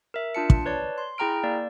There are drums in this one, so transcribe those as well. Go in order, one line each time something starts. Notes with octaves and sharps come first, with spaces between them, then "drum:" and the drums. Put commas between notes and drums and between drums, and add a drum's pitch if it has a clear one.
A#4 E5
D4 F4 A5 C#7
drum: kick
B4 C#5 D5 A5
C6
E4 G#4 G5 A#5 F6 D7
A#3 D5